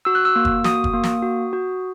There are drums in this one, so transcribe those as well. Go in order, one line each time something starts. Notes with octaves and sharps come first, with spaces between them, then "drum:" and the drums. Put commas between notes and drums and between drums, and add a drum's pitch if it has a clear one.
F#4 E6
F#6
E6
A#3
drum: kick
F#4 D#6, drum: snare
drum: kick
A#3
drum: snare
F#4
F#4